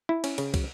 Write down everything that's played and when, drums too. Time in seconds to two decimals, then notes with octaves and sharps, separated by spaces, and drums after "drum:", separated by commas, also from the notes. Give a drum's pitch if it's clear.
0.09 E4
0.24 C#4, drum: cymbal
0.38 C#3, drum: cymbal
0.54 F#3, drum: kick, cymbal